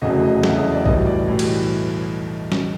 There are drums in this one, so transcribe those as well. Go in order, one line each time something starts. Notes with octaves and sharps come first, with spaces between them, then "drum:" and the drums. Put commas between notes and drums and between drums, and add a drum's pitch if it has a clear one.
F1 E2 C#3 F#3 A3 D#5
D#5
F1 E2 C#3 F#3 A3 E5, drum: snare
D#5
D5
B1 A2 E3 G3 D#5, drum: kick B1
D5
B1 A2 E3 G3
drum: cymbal
drum: snare